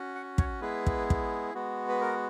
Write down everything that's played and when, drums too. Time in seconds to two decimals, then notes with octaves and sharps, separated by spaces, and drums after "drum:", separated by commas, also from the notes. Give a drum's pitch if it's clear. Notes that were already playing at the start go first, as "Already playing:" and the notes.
Already playing: C#4 F#4
0.15 F#5
0.38 C#5, drum: kick
0.61 G#3 B3 E4 G#4 B4
0.86 drum: kick
1.10 drum: kick
1.54 G#3 B3 F#4
1.89 B4
2.01 A#4